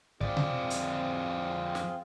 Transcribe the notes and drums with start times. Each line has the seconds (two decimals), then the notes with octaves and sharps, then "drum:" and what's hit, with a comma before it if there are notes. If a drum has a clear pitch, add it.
0.21 F2 C4 F4 G#4 D5, drum: kick
0.37 drum: tom B2
0.70 drum: hi-hat
1.75 drum: snare